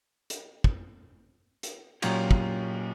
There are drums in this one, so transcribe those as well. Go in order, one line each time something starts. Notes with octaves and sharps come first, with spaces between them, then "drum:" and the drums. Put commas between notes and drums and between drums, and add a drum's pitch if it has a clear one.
drum: hi-hat
drum: kick
drum: hi-hat
A#2 F#3 A#3 C#4 F4 G4, drum: cymbal
drum: kick